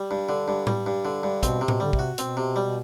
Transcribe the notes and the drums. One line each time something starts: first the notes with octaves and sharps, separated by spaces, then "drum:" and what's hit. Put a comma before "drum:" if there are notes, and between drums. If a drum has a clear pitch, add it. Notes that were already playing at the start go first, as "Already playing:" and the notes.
Already playing: G3
G2
D3
G2
G3, drum: tom A2
G2
D3
G2
B2 C4, drum: kick, hi-hat
C3
B2, drum: tom A2
D3 G3
C3, drum: kick
F#4
B2 C4, drum: hi-hat
C3
G3